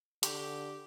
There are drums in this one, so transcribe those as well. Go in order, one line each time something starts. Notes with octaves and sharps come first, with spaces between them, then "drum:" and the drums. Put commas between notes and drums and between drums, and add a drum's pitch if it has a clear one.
D3 G4, drum: hi-hat